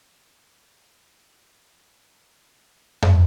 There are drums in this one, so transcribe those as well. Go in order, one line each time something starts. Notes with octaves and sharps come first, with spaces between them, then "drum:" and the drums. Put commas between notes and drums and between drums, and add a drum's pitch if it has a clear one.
A#3 D4 E4 A4 F5 G5
B4 D5 A5 F#6
drum: tom F2